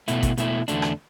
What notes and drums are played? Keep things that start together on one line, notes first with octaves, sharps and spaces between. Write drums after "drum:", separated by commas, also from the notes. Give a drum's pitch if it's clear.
B2 A3 E4, drum: hi-hat
drum: kick G#1, hi-hat
B2 A3 E4, drum: hi-hat
E2 D3 A3 D4, drum: hi-hat
drum: rim click